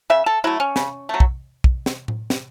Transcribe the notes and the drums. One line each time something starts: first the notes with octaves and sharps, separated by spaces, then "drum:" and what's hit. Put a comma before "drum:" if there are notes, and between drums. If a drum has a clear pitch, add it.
C#3 E5
A4
F#3 A3 E4
C#4
C#3, drum: snare
F#3 A3
drum: kick
drum: kick
drum: snare
drum: tom A2
drum: snare